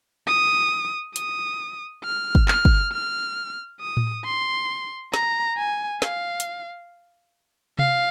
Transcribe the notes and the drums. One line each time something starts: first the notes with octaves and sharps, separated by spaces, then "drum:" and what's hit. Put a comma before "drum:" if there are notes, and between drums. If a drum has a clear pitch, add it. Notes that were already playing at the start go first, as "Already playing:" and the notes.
D#6
D#6, drum: hi-hat
F6
drum: kick
F6, drum: clap
drum: kick
F6
D#6
drum: tom A2
C6
A#5, drum: snare
G#5
F5, drum: snare
drum: hi-hat
F5, drum: tom C3